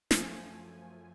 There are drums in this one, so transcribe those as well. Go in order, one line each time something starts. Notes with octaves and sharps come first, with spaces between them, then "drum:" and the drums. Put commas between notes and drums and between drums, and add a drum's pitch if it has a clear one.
F#2 F3 A3 G#5, drum: snare